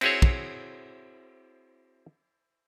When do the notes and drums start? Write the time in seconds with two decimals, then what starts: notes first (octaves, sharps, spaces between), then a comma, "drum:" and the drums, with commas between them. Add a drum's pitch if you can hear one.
0.01 C4 E4 F#4 G#4 C5 C#5, drum: cymbal
0.22 drum: kick